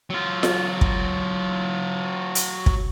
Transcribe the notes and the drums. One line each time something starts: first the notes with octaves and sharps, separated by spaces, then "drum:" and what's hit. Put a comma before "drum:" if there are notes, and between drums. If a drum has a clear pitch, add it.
F#3 F4
drum: snare F4
drum: kick
drum: hi-hat
drum: kick